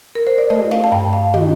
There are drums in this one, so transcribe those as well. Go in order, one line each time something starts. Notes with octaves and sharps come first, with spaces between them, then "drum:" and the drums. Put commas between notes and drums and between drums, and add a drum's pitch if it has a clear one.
A#4
C5
D5
A3 D#5, drum: tom
F5, drum: snare
A5
G2 G5
F5
D#3 D#5, drum: tom